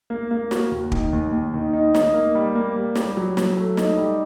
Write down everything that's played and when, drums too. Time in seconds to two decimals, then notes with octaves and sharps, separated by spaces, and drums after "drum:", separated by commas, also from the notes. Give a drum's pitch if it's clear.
0.10 A#3
0.31 A#3
0.51 F#4, drum: snare
0.72 D#2
0.92 D#3, drum: kick
1.13 D#2
1.33 D#2
1.54 D#3
1.73 D#4
1.94 D#4, drum: snare
2.14 A#3
2.35 G3
2.55 A#3
2.76 G3
2.95 G3, drum: snare
3.17 F#3
3.37 F#3, drum: snare
3.57 A3
3.77 D#4, drum: snare
3.98 G3